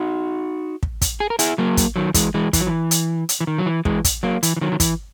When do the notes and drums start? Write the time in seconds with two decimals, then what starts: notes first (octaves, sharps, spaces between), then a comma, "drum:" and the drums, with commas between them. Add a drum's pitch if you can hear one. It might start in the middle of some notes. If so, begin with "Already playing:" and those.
Already playing: D#4 F#4
0.83 drum: kick
1.02 drum: kick, hi-hat
1.20 G#4
1.30 A#4
1.39 E4 G#4, drum: hi-hat
1.58 F#3 A#3
1.77 drum: kick, hi-hat
1.96 D#3 F#3
2.14 E3 G#3, drum: kick, hi-hat
2.34 E3 G#3
2.53 E3, drum: kick, hi-hat
2.61 F#3
2.67 E3
2.91 drum: hi-hat
3.29 drum: hi-hat
3.40 E3
3.47 D#3
3.58 F#3
3.66 E3
3.85 E3 G#3, drum: kick
4.05 drum: kick, hi-hat
4.23 F#3 A#3
4.43 E3, drum: hi-hat
4.57 E3
4.61 D#3 F#3
4.72 D#3
4.80 E3, drum: kick, hi-hat